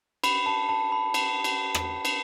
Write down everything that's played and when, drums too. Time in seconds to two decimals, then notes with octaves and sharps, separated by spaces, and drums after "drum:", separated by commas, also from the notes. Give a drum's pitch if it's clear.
0.24 B5, drum: cymbal
0.46 A5
0.69 A5
0.92 B5
1.14 drum: cymbal
1.44 drum: cymbal
1.75 drum: rim click
2.05 drum: cymbal